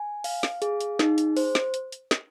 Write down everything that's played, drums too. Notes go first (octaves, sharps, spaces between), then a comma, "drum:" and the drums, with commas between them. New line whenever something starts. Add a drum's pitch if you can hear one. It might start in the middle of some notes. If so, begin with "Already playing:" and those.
Already playing: G#5
F5, drum: open hi-hat
drum: snare
G#4, drum: hi-hat
drum: hi-hat
D#4, drum: snare
drum: hi-hat
C5, drum: open hi-hat
drum: snare
drum: hi-hat
drum: hi-hat
drum: snare